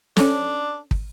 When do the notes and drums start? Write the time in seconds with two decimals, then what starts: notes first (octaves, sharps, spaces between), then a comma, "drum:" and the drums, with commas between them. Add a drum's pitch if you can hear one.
0.17 C#4 D4 A4, drum: snare
0.91 drum: kick